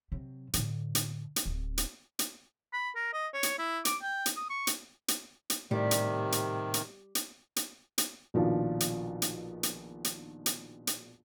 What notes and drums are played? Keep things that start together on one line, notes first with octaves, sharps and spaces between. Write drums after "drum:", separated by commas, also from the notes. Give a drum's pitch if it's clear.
C3 F#3
A2 D3, drum: hi-hat
drum: hi-hat
drum: hi-hat
D1 C4
drum: hi-hat
drum: hi-hat
B5
A#4
D#5
C#5
drum: hi-hat
E4
D6, drum: hi-hat
G5
drum: hi-hat
D#6
C#6
drum: hi-hat
drum: hi-hat
drum: hi-hat
A2 C3 D#3 G3
drum: hi-hat
drum: hi-hat
drum: hi-hat
drum: hi-hat
drum: hi-hat
drum: hi-hat
A#1 B2 D#3 F3 D4
drum: hi-hat
drum: hi-hat
drum: hi-hat
drum: hi-hat
drum: hi-hat
drum: hi-hat